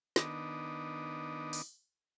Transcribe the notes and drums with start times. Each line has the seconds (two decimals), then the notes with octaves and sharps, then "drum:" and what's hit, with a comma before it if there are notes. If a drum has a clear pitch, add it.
0.16 D#3 B3 D4 D#4, drum: snare
1.53 drum: open hi-hat